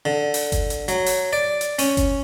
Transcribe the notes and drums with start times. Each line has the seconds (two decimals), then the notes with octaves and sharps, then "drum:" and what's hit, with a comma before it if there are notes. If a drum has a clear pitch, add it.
0.05 D3
0.34 drum: open hi-hat
0.52 drum: kick G1, hi-hat
0.70 drum: hi-hat
0.88 F#3, drum: hi-hat
1.06 drum: open hi-hat
1.33 D5
1.61 drum: hi-hat
1.79 C#4, drum: open hi-hat
1.97 drum: kick G1, hi-hat